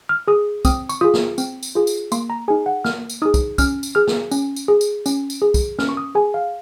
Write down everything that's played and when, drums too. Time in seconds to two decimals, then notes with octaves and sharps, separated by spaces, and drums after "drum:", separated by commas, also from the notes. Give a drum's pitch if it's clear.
0.09 F6
0.28 G#4 D#6
0.65 C4 D#6, drum: kick, tambourine
0.89 C#6, drum: tambourine
1.01 F4 G#4 D#6
1.14 drum: snare
1.38 C4, drum: tambourine
1.63 drum: tambourine
1.75 F4 G#4
1.87 drum: tambourine
2.12 A#3 C6, drum: tambourine
2.30 A#5
2.48 D#4 G#4 G#5
2.66 F#5
2.85 A#3 F6, drum: snare
3.10 drum: tambourine
3.22 D#4 G#4 D#6
3.34 drum: kick, tambourine
3.58 C#4 F6, drum: kick, tambourine
3.83 drum: tambourine
3.95 G#4 F6
4.07 drum: snare
4.31 C#4, drum: tambourine
4.56 drum: tambourine
4.68 G#4
4.81 drum: tambourine
5.06 C#4, drum: tambourine
5.30 drum: tambourine
5.42 G#4
5.54 drum: kick, tambourine
5.79 C#4 F6, drum: snare
5.89 C#6
5.97 D#6
6.15 G#4 G#5
6.34 F5